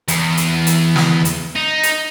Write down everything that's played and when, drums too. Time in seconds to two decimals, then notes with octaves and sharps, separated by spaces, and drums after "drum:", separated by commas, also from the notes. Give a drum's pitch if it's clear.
0.08 E2, drum: hi-hat
0.37 drum: hi-hat
0.67 drum: hi-hat
0.96 drum: snare
1.25 drum: hi-hat
1.56 D#4
1.83 drum: hi-hat